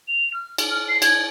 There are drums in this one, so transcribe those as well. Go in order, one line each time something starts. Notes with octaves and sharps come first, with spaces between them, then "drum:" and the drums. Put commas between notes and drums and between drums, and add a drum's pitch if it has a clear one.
F7
F6
drum: cymbal
F6
C7
G#6, drum: cymbal